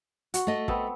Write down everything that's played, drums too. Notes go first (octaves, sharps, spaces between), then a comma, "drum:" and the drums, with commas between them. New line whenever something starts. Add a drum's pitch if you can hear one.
F#4, drum: hi-hat
A3 D#5
B3 C4 A4, drum: kick